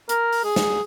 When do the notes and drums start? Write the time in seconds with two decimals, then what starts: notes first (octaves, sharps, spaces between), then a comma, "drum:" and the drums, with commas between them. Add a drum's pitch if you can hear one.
0.09 A#4, drum: hi-hat
0.33 drum: open hi-hat
0.44 G#4
0.56 drum: snare